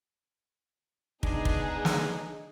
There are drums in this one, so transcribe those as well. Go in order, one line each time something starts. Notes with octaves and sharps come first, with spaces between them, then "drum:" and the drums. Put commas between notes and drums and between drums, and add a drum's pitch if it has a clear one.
G#3 B3 D4 D#4 G#4, drum: kick
drum: kick
drum: snare